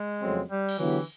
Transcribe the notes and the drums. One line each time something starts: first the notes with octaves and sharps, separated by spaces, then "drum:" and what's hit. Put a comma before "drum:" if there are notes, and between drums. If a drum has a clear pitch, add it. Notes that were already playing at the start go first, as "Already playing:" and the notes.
Already playing: G#3
F2 C#3 F#3 A3 C4
G3
drum: cymbal
D3 E3 F#3 B3 E4 G4